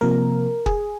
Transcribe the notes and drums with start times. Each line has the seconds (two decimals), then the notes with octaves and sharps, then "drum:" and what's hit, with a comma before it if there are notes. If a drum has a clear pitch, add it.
0.01 C3 F3 A#3 A#4
0.66 G#4, drum: kick